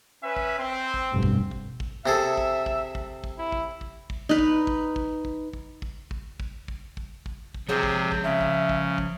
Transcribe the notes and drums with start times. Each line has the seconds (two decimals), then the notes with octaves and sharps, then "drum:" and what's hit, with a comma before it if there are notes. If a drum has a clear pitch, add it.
0.23 C#4 B4 E5
0.36 drum: kick
0.58 C4
0.94 drum: kick
1.12 F1 G2 B2
1.23 drum: kick
1.51 drum: kick
1.80 drum: kick
2.06 C3 G#4 A4 E5
2.38 drum: kick
2.66 drum: kick
2.95 drum: kick
3.24 drum: kick
3.38 E4
3.52 drum: kick
3.81 drum: kick
4.10 drum: kick
4.29 D#4 B4
4.39 drum: kick
4.67 drum: kick
4.96 drum: kick
5.25 drum: kick
5.53 drum: kick
5.82 drum: kick
6.11 drum: kick
6.40 drum: kick
6.68 drum: kick
6.97 drum: kick
7.26 drum: kick
7.54 drum: kick
7.69 C3 F3 G#4 C#5
7.83 drum: kick
8.12 drum: kick
8.24 C#3 E5
8.41 drum: kick
8.69 drum: kick
8.98 drum: kick